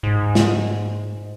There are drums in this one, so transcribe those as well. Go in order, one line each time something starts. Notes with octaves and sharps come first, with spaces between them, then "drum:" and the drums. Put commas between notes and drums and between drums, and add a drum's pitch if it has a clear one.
G#2
drum: snare